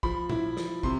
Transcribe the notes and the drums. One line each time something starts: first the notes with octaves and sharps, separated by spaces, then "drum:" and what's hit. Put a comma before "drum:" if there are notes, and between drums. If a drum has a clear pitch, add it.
F3 B5, drum: kick
E4, drum: tom A#2
F3, drum: snare
C3 C6, drum: kick